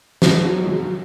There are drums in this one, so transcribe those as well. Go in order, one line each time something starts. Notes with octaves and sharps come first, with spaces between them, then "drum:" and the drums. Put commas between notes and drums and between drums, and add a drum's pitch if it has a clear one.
G#3, drum: snare
F#3
G#3
F#3